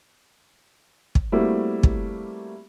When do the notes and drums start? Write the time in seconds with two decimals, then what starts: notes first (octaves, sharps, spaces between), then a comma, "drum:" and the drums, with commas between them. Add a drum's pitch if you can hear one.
1.15 drum: kick
1.32 G3 A3 A#3 C4 E4 F#4
1.83 drum: kick